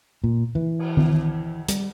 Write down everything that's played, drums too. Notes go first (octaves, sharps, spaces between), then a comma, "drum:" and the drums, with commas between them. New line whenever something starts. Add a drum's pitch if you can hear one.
A#2
E3
drum: cymbal
drum: tom D#3
G3, drum: hi-hat